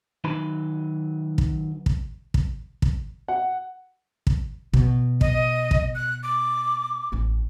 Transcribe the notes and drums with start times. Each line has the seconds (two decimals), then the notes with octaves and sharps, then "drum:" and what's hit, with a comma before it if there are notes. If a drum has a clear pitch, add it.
0.24 D#3 F#3 D#4 B4 B5 C6
1.38 drum: kick
1.86 drum: kick
2.34 drum: kick
2.82 drum: kick
3.28 F#5
4.27 drum: kick
4.73 B2, drum: kick
5.21 D#5, drum: kick
5.71 drum: kick
5.95 F#6
6.23 D6
7.12 A1 C#4